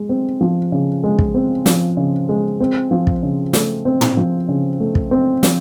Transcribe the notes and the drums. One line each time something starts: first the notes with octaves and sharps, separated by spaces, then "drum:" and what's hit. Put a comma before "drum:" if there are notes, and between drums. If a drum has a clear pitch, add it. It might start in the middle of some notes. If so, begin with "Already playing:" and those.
Already playing: G#3
C4
F3
C#3
G#3
drum: kick
C4
F3, drum: snare
C#3
G#3
C4
F3
drum: kick
C#3
A3, drum: snare
C4
drum: tom
F3
C#3
A3
drum: kick
C4
F3, drum: snare